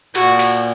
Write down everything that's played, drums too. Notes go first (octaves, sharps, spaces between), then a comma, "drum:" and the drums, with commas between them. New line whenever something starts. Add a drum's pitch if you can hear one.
A#2 F#4, drum: cymbal
drum: cymbal